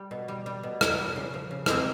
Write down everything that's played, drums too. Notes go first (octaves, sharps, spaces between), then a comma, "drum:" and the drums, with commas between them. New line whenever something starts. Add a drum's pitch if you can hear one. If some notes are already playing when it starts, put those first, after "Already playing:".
Already playing: G3
B2
G3
G3
B2
B2, drum: rim click
G3
C#3
F3
C#3
G#3 A#3 C4, drum: rim click